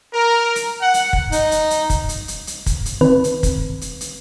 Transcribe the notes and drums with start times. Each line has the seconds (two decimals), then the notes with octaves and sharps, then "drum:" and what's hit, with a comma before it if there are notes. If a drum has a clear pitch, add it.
0.13 A#4
0.55 drum: hi-hat
0.81 F#5
0.94 drum: hi-hat
1.13 drum: kick
1.32 D#4, drum: hi-hat
1.51 drum: hi-hat
1.71 drum: hi-hat
1.90 drum: kick, hi-hat
2.09 drum: hi-hat
2.28 drum: hi-hat
2.47 drum: hi-hat
2.66 drum: kick, hi-hat
2.86 drum: hi-hat
3.01 D#3 C4 B4
3.24 drum: hi-hat
3.43 drum: kick, hi-hat
3.81 drum: hi-hat
4.01 drum: hi-hat